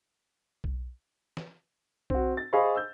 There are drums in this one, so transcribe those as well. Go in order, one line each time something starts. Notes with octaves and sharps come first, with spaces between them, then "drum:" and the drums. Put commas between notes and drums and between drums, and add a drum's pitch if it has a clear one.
drum: kick B1
drum: snare
C4 F#4, drum: kick B1
A6
G#4 C5 D#5 F5 B5 C#6
E6 G6